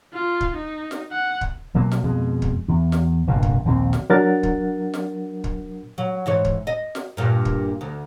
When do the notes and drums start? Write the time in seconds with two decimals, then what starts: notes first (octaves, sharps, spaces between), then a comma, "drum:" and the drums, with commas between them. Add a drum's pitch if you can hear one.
0.13 F4
0.41 drum: kick
0.56 D#4
0.91 drum: snare
1.11 F#5
1.41 drum: kick
1.74 B1 F#3 A#3
1.92 drum: snare
2.03 F2 B2 G#3
2.42 drum: kick
2.68 E2
2.92 drum: snare
3.27 F1 A#1 G2 A#2
3.43 drum: kick
3.65 A#1 D#2 B2 C4
3.93 drum: snare
4.10 F#3 D4 A#4 F#5 A6
4.43 drum: kick
4.94 drum: snare
5.44 drum: kick
5.98 F#3
6.26 G#2 E3 C#5
6.45 drum: kick
6.67 D#5
6.95 drum: snare
7.17 G2 A#2
7.45 drum: kick
7.81 D2